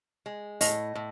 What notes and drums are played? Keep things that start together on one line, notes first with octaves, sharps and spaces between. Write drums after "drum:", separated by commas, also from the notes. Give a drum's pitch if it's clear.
G#3
A2 D#5, drum: open hi-hat
A2